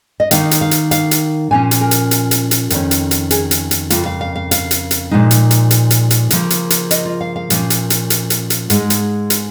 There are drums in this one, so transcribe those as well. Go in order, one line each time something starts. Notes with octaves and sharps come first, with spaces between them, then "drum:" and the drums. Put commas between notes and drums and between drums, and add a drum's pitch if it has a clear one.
D#5
D#3 A#3 D#4 F5, drum: hi-hat
drum: hi-hat
F5
drum: hi-hat
F5, drum: hi-hat
drum: hi-hat
A#2 F3 C#4 G#5
drum: hi-hat
A#4
drum: hi-hat
drum: hi-hat
drum: hi-hat
drum: hi-hat
F2 D#3 C#4, drum: hi-hat
drum: hi-hat
drum: hi-hat
G#4, drum: hi-hat
drum: hi-hat
drum: hi-hat
F2 C#3 A#3 F4, drum: hi-hat
F5
F5
F5
F5, drum: hi-hat
drum: hi-hat
drum: hi-hat
A#2 F3 G#3 D#4
drum: hi-hat
drum: hi-hat
drum: hi-hat
drum: hi-hat
drum: hi-hat
C#3 F3 A#3, drum: hi-hat
drum: hi-hat
drum: hi-hat
D#5, drum: hi-hat
F4
F5
F5
A#2 F3 A#3 C#4, drum: hi-hat
drum: hi-hat
drum: hi-hat
drum: hi-hat
drum: hi-hat
drum: hi-hat
G#2 G#3 D#4, drum: hi-hat
drum: hi-hat
drum: hi-hat